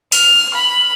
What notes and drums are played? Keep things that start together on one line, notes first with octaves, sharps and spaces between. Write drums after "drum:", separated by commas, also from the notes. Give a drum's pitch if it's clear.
F6, drum: open hi-hat
B5